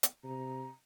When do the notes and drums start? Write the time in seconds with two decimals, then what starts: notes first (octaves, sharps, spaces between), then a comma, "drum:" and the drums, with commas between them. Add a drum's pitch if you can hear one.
0.03 drum: hi-hat
0.24 C3 A#5